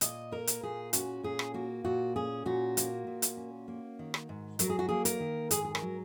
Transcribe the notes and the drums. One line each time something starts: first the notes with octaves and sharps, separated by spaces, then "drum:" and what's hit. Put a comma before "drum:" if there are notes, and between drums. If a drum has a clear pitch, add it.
A#2 D#5, drum: hi-hat
A#3 A#4
drum: hi-hat
A#2 G#4
C#4 F#4, drum: hi-hat
A#2 G#4
drum: rim click
A#3 F#4
A#2 F#4
C#4 G#4
A#2 F#4
A#3, drum: hi-hat
A#2
drum: hi-hat
C#4
A#3
D#3
drum: rim click
G#2
F#3 A#4, drum: hi-hat
G#4
F#4
A#3 G#4
A#4, drum: hi-hat
D#3
G#2 G#4, drum: hi-hat
G#4
A#4, drum: rim click
F#3